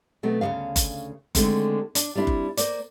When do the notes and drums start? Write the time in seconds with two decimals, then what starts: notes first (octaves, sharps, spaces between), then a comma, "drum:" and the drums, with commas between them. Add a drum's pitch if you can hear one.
0.23 B2 F#3 A3 C4
0.41 D2 C#3 F#3 G#3 F5
0.76 drum: kick F#1, hi-hat
1.35 D3 D#3 F3 G#3 A3 C4, drum: kick F#1, hi-hat
1.95 D4, drum: hi-hat
2.15 G3 C4 D4 E4
2.27 drum: kick F#1
2.57 A#3 C5 D5, drum: hi-hat